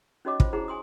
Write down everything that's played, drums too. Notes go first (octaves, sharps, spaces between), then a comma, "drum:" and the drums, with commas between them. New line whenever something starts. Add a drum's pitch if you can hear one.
C#4 D#4 F#4 C#5 D#5 D6
F4 C5, drum: kick
D#4 E4 G#4 C5 F#5 A#5
G#5 C6 D#6